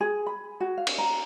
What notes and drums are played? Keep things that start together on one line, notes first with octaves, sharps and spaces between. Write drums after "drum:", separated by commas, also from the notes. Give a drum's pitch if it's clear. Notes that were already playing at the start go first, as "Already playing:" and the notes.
G#4
B5
F#4
F5
drum: cymbal
A#5